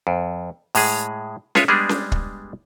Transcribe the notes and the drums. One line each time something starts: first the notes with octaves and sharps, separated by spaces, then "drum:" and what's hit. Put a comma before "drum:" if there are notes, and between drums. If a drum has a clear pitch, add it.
F2
A2 G#3 G#4, drum: open hi-hat
G#3 F4 B4 C#5 E5, drum: snare C#4
G3 G#3 B3 D4 G#4
drum: snare C#4
drum: kick